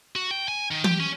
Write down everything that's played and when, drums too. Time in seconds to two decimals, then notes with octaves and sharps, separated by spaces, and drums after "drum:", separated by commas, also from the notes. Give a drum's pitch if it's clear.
0.16 F#4
0.31 G5
0.48 G#5
0.71 D#3
0.84 G4, drum: tom
1.00 C#4